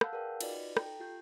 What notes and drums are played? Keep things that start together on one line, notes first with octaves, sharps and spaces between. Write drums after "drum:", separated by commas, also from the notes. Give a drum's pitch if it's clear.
F5 F#5 A5 E6 F#6 G6, drum: rim click
G#4 A#4 B4 D5 F5 G5
D#4 F4 F#4 B4 D5 D#5, drum: cymbal
D#4
A4 G5 A#5, drum: rim click
F4 G4 G6